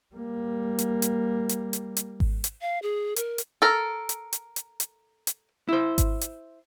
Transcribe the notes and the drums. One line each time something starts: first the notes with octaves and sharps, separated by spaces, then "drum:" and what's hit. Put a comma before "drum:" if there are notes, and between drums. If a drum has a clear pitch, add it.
G3 A#3
drum: hi-hat
drum: hi-hat
drum: hi-hat
drum: hi-hat
drum: hi-hat
drum: kick G#1
drum: hi-hat
F5
G#4
A#4, drum: hi-hat
drum: hi-hat
A4 A#4
drum: hi-hat
drum: hi-hat
drum: hi-hat
drum: hi-hat
drum: hi-hat
E4 C5
drum: kick G#1, hi-hat
drum: hi-hat